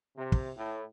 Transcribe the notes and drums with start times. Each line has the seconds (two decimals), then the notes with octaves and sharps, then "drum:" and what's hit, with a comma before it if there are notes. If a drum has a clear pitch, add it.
0.16 C3
0.32 drum: kick
0.56 A2